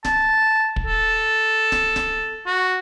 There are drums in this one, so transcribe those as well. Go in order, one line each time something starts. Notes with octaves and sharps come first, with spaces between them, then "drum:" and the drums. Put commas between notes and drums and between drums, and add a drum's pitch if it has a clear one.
A5, drum: snare D1
drum: kick
A4
drum: snare D1
drum: snare D1
F#4